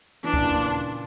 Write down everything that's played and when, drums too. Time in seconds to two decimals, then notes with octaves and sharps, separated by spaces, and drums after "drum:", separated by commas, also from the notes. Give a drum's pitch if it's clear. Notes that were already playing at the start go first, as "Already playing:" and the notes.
0.24 E3 D4
0.34 C#3, drum: kick D2
0.43 A#2
0.52 C#3